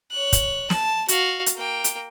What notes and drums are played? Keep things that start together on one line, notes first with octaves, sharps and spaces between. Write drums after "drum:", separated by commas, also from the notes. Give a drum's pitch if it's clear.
C#5 F#6
drum: kick, hi-hat
A5, drum: snare
F#4 F5, drum: hi-hat
drum: hi-hat
A#3 G5
drum: hi-hat